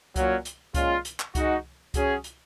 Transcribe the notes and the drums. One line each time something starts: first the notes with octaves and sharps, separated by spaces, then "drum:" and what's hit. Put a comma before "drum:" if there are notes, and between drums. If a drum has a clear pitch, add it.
A#2 F#3 C#4, drum: kick C2, hi-hat
drum: hi-hat
A#2 G#3 C#4 F4, drum: kick C2, hi-hat
drum: hi-hat
drum: clap
G#3 D#4 F#4, drum: kick C2, hi-hat
F#3 C#4 G#4, drum: kick C2, hi-hat
drum: hi-hat